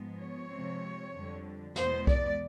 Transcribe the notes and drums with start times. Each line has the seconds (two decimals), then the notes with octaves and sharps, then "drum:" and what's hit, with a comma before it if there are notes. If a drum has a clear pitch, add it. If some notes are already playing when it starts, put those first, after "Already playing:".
Already playing: G#2 F3 G#3 B3
0.19 C#5
0.49 C3 F3 G#3 C4
1.13 F2 D3 G3
1.76 E2 B2 G#3 B3 C5, drum: snare
2.07 D5, drum: kick B1